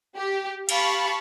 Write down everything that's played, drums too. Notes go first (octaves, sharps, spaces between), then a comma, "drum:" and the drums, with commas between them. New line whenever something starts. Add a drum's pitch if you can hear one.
G4
G4 F5 A5 B5 C#6, drum: cymbal